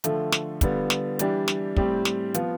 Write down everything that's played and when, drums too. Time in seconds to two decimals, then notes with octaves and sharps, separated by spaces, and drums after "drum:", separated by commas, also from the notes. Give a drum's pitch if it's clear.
0.04 D3 F3 A3, drum: hi-hat
0.32 drum: snare
0.61 D3 G3 B3 F4, drum: kick, hi-hat
0.90 drum: snare
1.19 E3 G3 D4 G4, drum: hi-hat
1.48 drum: snare
1.77 A2 G3 C4 G4, drum: kick
2.05 drum: snare
2.34 F3 B3 F4, drum: hi-hat